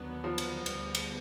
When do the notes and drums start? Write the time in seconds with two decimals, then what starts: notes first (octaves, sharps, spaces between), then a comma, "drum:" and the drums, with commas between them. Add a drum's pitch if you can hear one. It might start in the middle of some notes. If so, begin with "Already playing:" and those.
Already playing: D#2 D3 F#3 B3
0.24 F3
0.38 drum: cymbal
0.66 D2 D3 G3 B3, drum: cymbal
0.95 drum: cymbal